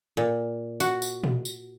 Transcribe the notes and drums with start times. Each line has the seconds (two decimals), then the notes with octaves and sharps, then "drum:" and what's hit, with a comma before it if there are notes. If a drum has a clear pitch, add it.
0.17 A#2
0.80 F#4, drum: tambourine
1.02 drum: tambourine
1.24 drum: tom A#2
1.45 drum: tambourine